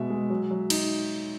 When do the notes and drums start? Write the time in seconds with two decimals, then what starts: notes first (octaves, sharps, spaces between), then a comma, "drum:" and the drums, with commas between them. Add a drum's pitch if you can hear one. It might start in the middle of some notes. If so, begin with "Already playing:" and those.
Already playing: B2 G#3 E5
0.10 G#3
0.30 F#3
0.51 F#3
0.70 D#4, drum: cymbal